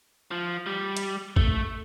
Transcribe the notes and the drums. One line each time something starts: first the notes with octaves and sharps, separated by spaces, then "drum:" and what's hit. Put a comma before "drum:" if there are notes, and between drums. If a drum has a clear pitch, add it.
F3
G3
drum: hi-hat
A3, drum: kick A1